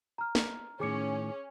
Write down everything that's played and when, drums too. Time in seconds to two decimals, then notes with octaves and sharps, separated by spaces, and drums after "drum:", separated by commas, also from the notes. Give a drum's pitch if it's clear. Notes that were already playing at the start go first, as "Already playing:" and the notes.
0.18 A#5 F6
0.35 drum: snare
0.80 A2 D#3 C#4 G#4 D6 C#7